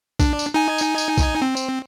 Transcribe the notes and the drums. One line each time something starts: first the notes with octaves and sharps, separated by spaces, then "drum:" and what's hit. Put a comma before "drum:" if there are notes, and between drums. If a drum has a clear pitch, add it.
D4, drum: kick, tambourine
drum: tambourine
D#4 G#5
drum: tambourine
drum: tambourine
drum: kick, tambourine
C4
drum: tambourine